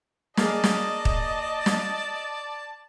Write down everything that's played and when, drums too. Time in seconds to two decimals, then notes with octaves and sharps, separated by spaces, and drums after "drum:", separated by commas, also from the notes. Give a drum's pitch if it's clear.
0.37 A#3 G#4 D5 D#5 A5, drum: snare
0.64 drum: snare
1.05 drum: kick
1.66 drum: snare